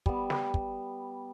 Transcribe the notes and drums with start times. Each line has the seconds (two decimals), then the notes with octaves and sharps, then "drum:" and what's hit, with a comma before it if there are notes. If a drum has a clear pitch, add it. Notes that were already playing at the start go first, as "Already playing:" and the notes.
0.06 G3 B3, drum: kick
0.30 drum: snare
0.54 drum: kick